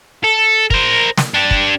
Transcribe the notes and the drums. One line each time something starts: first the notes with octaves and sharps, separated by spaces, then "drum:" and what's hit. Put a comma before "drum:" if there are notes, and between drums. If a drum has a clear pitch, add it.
A4
A#4 C5, drum: kick
drum: snare
D4 G4
drum: kick